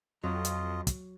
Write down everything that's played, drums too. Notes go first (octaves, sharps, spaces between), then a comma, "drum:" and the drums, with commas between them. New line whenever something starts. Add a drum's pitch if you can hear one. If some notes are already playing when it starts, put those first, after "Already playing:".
F2 F#3 F4 D#5
drum: hi-hat
drum: kick, hi-hat